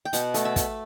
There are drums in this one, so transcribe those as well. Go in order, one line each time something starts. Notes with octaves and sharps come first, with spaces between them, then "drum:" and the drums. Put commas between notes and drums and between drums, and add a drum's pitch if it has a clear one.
G5
B2 F#5, drum: hi-hat
A3, drum: hi-hat
E5
A3, drum: kick, hi-hat